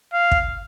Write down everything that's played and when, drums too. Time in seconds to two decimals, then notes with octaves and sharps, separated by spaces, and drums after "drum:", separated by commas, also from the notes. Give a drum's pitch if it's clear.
0.13 F5
0.32 drum: kick